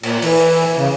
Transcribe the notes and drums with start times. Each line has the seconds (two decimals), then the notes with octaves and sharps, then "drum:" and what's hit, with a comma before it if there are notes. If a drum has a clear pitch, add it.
0.03 A#2, drum: cymbal
0.22 E3, drum: open hi-hat
0.77 C#3